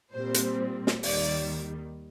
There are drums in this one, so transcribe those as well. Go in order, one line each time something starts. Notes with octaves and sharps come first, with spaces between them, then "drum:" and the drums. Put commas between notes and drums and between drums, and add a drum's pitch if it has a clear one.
A#2 G3 C4 C5
drum: hi-hat
drum: snare
D#2 D#3 G3 D5, drum: open hi-hat